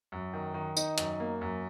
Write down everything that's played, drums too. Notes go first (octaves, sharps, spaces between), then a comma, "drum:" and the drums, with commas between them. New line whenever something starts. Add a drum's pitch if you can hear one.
F#2
D#3
D#3
D#4, drum: tambourine
F#2, drum: hi-hat
A#3
F#2